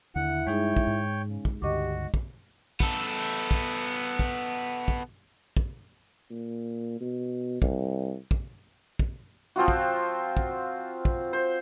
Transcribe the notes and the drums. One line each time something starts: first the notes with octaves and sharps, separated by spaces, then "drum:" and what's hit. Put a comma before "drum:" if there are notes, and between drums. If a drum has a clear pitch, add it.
D#2 D3 E4 F#5
G2 G#3 D#4 G#4 C#5 G5
drum: kick
G#2
C#3
drum: kick
C#2 G2 D3 F#4 G4 D#5 C#6 D6
drum: kick
B3 A4, drum: kick
drum: kick
drum: kick
drum: kick
drum: kick
A#2
B2
C2, drum: kick
drum: kick
drum: kick
F3 C4 F4 F#4
drum: kick
drum: kick
drum: kick
C5